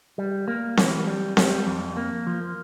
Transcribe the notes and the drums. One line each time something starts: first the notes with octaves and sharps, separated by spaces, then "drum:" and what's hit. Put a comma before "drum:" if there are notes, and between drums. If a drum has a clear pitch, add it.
G3
A#3
E3, drum: snare C4
G3
G3, drum: snare C4
F2
A#3
F3